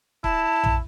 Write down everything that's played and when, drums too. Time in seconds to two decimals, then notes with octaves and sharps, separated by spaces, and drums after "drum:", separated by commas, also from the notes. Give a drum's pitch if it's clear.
0.24 E4 A5, drum: kick
0.63 drum: tom A#1